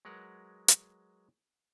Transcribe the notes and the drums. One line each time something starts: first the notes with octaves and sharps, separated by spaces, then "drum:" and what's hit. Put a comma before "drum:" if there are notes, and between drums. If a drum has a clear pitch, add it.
F#3 G#3 A#4 B4 F#5
drum: hi-hat